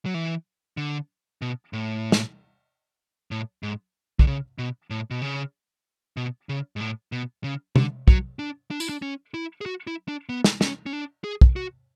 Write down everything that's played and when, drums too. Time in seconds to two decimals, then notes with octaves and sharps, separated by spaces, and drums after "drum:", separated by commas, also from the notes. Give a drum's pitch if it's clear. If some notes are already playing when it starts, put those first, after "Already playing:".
0.06 F#3
0.14 E3
0.77 D3
1.42 B2
1.73 A2
2.12 drum: snare
3.31 A2
3.63 G#2
4.19 D3, drum: kick
4.27 C#3
4.59 B2
4.90 A2
5.11 B2
5.22 C#3
6.17 B2
6.49 C#3
6.76 G#2
6.80 A2
7.12 B2
7.44 C#3
7.76 D3, drum: tom C3
8.08 F#3, drum: kick
8.39 D4
8.71 D4
8.80 E4, drum: tambourine
8.89 D4
9.02 C#4
9.34 E4
9.61 G#4
9.66 F#4
9.87 E4
10.08 D4
10.29 B3
10.44 drum: snare
10.61 C#4, drum: snare
10.86 C#4
10.93 D4
11.24 G#4
11.41 drum: kick
11.56 F#4